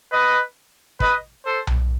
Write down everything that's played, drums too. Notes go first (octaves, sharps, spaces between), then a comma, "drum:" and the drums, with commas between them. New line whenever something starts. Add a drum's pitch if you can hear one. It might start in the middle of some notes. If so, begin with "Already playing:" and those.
B4 D#5
B4 D#5, drum: kick
A4 C5
drum: tom B1